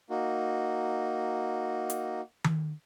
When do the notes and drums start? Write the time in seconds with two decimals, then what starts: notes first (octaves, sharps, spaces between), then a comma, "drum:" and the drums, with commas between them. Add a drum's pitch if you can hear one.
0.10 A#3 D#4 F#4
1.90 drum: hi-hat
2.44 drum: tom D#3